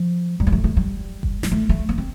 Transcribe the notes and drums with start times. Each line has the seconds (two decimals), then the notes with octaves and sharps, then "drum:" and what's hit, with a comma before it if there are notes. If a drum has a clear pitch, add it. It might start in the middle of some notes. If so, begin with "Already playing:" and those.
Already playing: F3
0.40 G3, drum: kick F#1
0.47 A#3
0.52 A3
0.64 A3
0.77 G3
1.23 drum: kick F#1
1.43 G3, drum: snare
1.51 A3
1.69 A3
1.89 A#3
1.98 C4